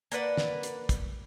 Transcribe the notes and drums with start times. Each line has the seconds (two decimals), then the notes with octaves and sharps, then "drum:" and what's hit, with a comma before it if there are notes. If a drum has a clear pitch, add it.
0.12 A#3 D4 B4 F#5, drum: hi-hat
0.37 drum: snare
0.63 drum: hi-hat
0.89 drum: kick, hi-hat